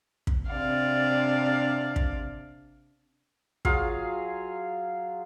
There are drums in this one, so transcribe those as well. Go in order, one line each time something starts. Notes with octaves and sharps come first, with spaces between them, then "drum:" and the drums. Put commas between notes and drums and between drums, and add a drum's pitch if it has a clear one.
drum: kick
C3 D4 D5 F5
drum: kick
F#3 F4 G#4 F5, drum: kick